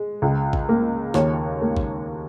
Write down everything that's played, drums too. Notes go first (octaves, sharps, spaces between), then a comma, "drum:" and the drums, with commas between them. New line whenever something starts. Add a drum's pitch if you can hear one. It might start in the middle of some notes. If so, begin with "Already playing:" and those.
Already playing: G#3
C#2
drum: kick
A#3
D#2 C#5, drum: snare
A#3
drum: kick